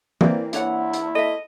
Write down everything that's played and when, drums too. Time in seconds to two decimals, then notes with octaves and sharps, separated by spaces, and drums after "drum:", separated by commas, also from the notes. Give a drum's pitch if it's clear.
0.21 E3 A#3 C4 D5, drum: tom E3
0.53 D4 E4 C#5 F#5, drum: hi-hat
0.93 drum: hi-hat
1.15 A4 D#5 E5